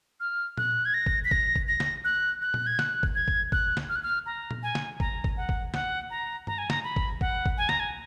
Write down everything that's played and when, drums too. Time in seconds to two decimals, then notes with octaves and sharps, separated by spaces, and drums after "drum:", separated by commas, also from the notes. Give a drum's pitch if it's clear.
0.20 F6
0.57 F#6, drum: tom A#2
0.86 G#6
0.94 A#6
1.06 drum: kick
1.25 B6
1.31 A#6, drum: kick
1.56 drum: kick
1.68 A#6
1.80 drum: snare
2.04 F#6
2.42 F#6
2.54 drum: tom A#2
2.67 G#6
2.79 F#6, drum: snare
3.03 drum: kick
3.15 G#6
3.28 drum: kick
3.52 F#6, drum: kick
3.77 drum: snare
3.89 F6
3.96 F#6
4.03 F6
4.26 A#5
4.51 drum: tom A#2
4.63 G#5
4.75 drum: snare
5.00 A#5, drum: kick
5.24 drum: kick
5.37 F#5
5.49 drum: kick
5.74 F#5, drum: snare
6.10 A#5
6.47 A#5, drum: tom G2
6.58 G#5
6.70 A#5, drum: snare
6.84 B5
6.96 drum: kick
7.21 F#5, drum: kick
7.46 drum: kick
7.58 G#5
7.69 A#5, drum: snare
7.80 G#5